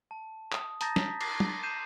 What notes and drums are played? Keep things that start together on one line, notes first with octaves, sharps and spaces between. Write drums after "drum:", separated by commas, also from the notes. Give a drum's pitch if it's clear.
A5
D#6, drum: clap
A5 A#5 D#6 G6 A6 A#6, drum: hi-hat
B6, drum: snare
D6 C7, drum: cymbal
drum: tom
G6 C7 D#7 E7